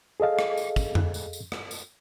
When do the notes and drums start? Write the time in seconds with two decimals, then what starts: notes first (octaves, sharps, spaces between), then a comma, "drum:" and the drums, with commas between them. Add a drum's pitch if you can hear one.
0.20 G#4 A4 D#5 F5
0.39 drum: rim click
0.57 drum: tambourine
0.76 drum: kick, tambourine
0.95 drum: tom F2
1.14 drum: tambourine
1.33 drum: tambourine
1.52 drum: rim click
1.71 drum: tambourine